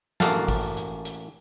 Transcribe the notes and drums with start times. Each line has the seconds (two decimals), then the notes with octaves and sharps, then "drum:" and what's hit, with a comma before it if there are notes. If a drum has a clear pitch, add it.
0.20 A1 A#3 F#4 A4 F5 A5, drum: snare
0.48 drum: kick G#1, open hi-hat
0.77 drum: hi-hat
1.05 drum: hi-hat